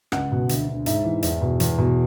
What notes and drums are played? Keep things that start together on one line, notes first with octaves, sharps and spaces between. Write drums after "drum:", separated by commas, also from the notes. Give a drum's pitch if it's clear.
C#2 F#5, drum: rim click
B2
D2, drum: hi-hat
D3
G#2 E5, drum: hi-hat
E3
E2 E5, drum: hi-hat
B2
E2, drum: hi-hat
B2